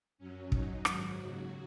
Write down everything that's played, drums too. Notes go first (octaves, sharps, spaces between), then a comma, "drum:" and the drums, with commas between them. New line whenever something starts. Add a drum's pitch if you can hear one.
F#2 F#3 C#4
F#2 F#3 D#4, drum: kick
G#2 D#3 F#3 F#4, drum: rim click
D#2 C#3 F#3